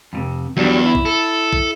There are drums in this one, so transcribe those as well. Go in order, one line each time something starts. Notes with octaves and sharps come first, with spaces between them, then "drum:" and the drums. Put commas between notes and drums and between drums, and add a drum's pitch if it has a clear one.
F2 A2 C3
E2 F#3 G3 D4
E4
drum: kick
A4
drum: kick